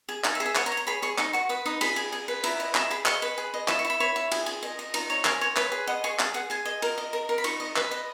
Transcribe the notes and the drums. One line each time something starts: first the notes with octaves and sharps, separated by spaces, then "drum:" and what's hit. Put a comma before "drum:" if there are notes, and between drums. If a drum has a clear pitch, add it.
G#4
D#4 G#5, drum: clap
E5
G#4
E5
C#5 F#5, drum: clap
A#5
C#5
A#5
G#4 B5
G#4 C#6
D#4 C#6, drum: clap
F#4 C#6
B4 D#6
D#4 D#6
G#4 B5, drum: cymbal
G#4
G#4
B4
E4 A#5, drum: cymbal
D#5
E4 A#5, drum: clap
G#4 B5
D#5 C#6, drum: clap
B4
G#4
D#5
E4 D#6, drum: clap
C#6
E4
B5
C#5 B5
E4
G#4, drum: cymbal
G#4
D#5
D#5
D#4 A#5, drum: cymbal
C#5 A#5
A#4 G#5, drum: clap
C#5
B4, drum: clap
G#4
D#5 F#5
G#4 C#6
G#4 D#6, drum: clap
G#4 F#5
G#4 G#5
D#5
A#4, drum: cymbal
D#5
A#4
A#4
B5
D#4 C#6, drum: cymbal
D#5
B4, drum: clap
D#5